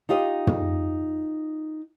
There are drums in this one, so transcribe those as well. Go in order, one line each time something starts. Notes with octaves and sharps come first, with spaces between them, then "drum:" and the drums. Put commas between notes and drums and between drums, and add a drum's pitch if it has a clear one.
D#4 F4 G4 D#5
drum: tom